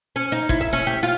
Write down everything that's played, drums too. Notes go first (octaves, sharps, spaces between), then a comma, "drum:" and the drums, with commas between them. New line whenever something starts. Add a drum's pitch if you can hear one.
C#4
D#4
E4, drum: kick, hi-hat
E5
C#4
G4
F4, drum: hi-hat